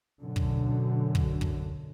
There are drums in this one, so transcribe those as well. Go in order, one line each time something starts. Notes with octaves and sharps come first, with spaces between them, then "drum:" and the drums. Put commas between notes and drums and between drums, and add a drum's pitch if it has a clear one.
F#2 B2 D3
drum: kick
drum: kick
drum: kick